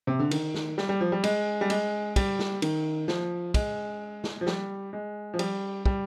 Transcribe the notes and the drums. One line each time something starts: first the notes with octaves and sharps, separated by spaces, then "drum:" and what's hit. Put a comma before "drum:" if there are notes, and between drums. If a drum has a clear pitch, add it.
C3
D3
D#3, drum: cymbal
drum: snare
G3, drum: snare
G3
F3
G3
G#3, drum: cymbal
G3
G#3, drum: cymbal
G3, drum: kick, cymbal
drum: snare
D#3, drum: cymbal
F3, drum: snare
G#3, drum: kick, cymbal
drum: snare
F3
G3, drum: snare
G#3
F3
G3, drum: cymbal
G3, drum: kick